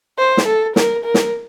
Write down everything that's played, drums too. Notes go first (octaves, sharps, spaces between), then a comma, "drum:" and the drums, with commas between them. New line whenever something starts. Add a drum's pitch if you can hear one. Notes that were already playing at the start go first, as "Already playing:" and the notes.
C5
drum: snare
A4
A#4, drum: snare
A#4
drum: snare